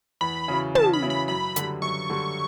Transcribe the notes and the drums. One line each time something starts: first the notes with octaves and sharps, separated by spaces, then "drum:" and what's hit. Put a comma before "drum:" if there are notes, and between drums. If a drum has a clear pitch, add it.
E2 B5
C#3 F#3 C#4 E4
E2 A5, drum: tom
B5
C#3 F#3 C#4 E4
B5
F#2 B5
D3 G3, drum: hi-hat
F#2 C#6
D3 G3